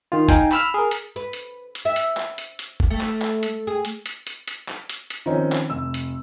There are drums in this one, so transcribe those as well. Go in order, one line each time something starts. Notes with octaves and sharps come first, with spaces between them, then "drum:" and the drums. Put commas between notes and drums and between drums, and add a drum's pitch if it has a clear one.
D#3 F4
D#4 F5 G5 G#5, drum: kick F1, hi-hat
B5 E6 F6, drum: clap
G#4 A#4
drum: hi-hat
B4
drum: hi-hat
drum: hi-hat
E5
drum: hi-hat
drum: clap
drum: hi-hat
drum: hi-hat
drum: kick F1
A3
drum: clap
drum: clap
drum: hi-hat
G#4
drum: hi-hat
drum: hi-hat
drum: hi-hat
drum: hi-hat
drum: clap
drum: hi-hat
drum: hi-hat
D#3 F3 C4 C#4 D#4
drum: clap
F1 E6
drum: hi-hat